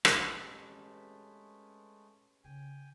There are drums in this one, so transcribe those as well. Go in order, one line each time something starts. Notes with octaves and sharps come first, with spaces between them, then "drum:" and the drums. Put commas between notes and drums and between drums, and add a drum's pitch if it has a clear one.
A#2 G#3 A3 C4 C#4 G4 B4, drum: rim click
C#3 G5 G#5